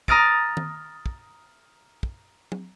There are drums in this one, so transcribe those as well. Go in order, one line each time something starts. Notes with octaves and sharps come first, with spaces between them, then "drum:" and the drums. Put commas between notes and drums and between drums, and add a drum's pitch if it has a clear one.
A#5 D#6 F6 A6 D7, drum: kick
drum: tom D#3
drum: kick
drum: kick
drum: tom F#3